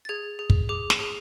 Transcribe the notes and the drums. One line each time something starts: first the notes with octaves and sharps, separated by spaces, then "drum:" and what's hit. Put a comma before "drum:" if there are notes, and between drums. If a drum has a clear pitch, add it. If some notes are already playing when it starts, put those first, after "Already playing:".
A6
G#4 G#6
G#4
drum: kick
G#4 D6
drum: snare
G#4